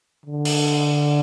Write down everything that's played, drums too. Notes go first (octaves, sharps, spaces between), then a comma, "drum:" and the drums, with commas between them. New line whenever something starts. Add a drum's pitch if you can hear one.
D3
drum: open hi-hat